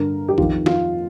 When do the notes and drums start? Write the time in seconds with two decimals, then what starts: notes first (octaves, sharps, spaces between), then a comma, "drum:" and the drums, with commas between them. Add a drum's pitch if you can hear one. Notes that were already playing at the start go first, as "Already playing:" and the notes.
Already playing: G2 D3 A#4
0.28 G4
0.38 F2 D#3 F4, drum: kick A#1
0.66 F4, drum: snare